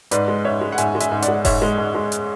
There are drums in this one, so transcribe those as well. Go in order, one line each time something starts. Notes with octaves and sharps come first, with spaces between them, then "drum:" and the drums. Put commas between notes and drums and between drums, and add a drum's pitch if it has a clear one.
G#2 B4 D5, drum: hi-hat
G#3
G#2 C#5 E5
G#3
F#5
G#2 E5 G#5, drum: hi-hat
G#3
E5 G#5, drum: hi-hat
G#2
D5 F#5, drum: hi-hat
G#3
G#2 C#5 E5, drum: kick F1, open hi-hat
G#3
G#2
G#3
drum: hi-hat